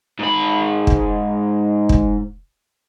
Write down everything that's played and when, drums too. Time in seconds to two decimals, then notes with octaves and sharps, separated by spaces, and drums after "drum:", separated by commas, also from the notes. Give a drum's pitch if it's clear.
0.19 G#2 B5
0.87 drum: kick
1.89 drum: kick